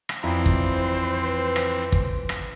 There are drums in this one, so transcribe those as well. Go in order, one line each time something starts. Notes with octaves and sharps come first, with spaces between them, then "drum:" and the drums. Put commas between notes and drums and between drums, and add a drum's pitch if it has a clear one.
drum: rim click
F2 E3 C4 E4 C5 D5 A#5
drum: kick
B4
drum: rim click
drum: kick
drum: rim click